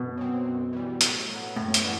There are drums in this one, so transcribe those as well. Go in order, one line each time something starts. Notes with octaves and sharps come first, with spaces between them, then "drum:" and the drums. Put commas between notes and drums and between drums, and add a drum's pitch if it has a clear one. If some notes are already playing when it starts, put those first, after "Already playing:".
Already playing: F#2 B2
F#3 C4
F#2
E3 G3
A2, drum: hi-hat
F#3 B3
F#2 A2
drum: hi-hat
E3 G3 B3 D4